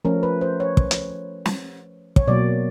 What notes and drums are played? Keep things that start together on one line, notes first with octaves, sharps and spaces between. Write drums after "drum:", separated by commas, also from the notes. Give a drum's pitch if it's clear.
F3 A3 C#4 A#4
B4
C5
C#5
drum: kick
drum: hi-hat
drum: snare
C#5, drum: kick
B2 F#3 A#3 D5